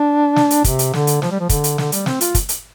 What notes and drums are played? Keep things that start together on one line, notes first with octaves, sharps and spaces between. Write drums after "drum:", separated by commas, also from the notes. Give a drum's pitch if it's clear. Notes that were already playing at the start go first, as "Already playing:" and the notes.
Already playing: D4
drum: snare
drum: hi-hat
C3, drum: kick, hi-hat
drum: hi-hat
D3, drum: snare
drum: hi-hat
F3, drum: snare
G3
F3
D3, drum: kick, hi-hat
drum: hi-hat
D3, drum: snare
G3, drum: hi-hat
C4, drum: snare
F4, drum: hi-hat
drum: kick, hi-hat
drum: hi-hat